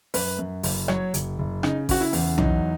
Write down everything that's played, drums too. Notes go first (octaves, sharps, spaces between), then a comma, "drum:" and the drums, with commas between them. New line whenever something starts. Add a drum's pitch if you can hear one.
F#2 B4, drum: open hi-hat
F#2
F#1, drum: open hi-hat
F#3 C#5, drum: rim click
F#1, drum: hi-hat
F#1
C#3 D#4, drum: rim click
C#3 F#4, drum: kick A1, open hi-hat
E4
E2, drum: open hi-hat
F#3 D#4, drum: tom B1